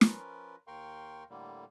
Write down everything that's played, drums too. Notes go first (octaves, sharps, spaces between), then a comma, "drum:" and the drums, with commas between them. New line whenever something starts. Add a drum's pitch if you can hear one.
F3 C#4 F4 A#4 B4, drum: snare
D#2 A#4 F5 G5 C6 C#6
A2 D3 G3 A#3